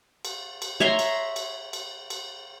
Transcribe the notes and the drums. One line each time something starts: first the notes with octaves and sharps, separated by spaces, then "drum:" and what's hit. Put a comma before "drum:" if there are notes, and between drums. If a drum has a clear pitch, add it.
drum: cymbal
drum: cymbal
C#5 E5 A#5 C6
drum: cymbal
drum: cymbal
drum: cymbal
drum: cymbal